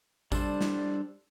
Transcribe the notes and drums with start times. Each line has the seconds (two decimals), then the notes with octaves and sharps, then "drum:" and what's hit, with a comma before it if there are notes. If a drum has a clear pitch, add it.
0.32 G3 D4 A4 C5, drum: kick, tambourine
0.61 drum: snare